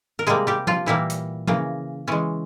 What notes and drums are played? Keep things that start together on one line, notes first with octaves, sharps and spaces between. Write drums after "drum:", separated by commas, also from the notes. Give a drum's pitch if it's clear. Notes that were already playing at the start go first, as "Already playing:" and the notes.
A#4
C3 G3 G#3 A#3 G#4
G3 G4
F3 F4, drum: tom F3
A#2 E3 G3 A#3 E4
drum: hi-hat
C#3 E3 A#3, drum: tom F3
E3 G#3 C#4